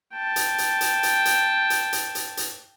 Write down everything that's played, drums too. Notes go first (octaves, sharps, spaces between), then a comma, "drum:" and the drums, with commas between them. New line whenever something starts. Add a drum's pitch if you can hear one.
G5 A5
drum: hi-hat
drum: hi-hat
drum: hi-hat
drum: hi-hat
drum: hi-hat
drum: hi-hat
drum: hi-hat
drum: hi-hat
drum: hi-hat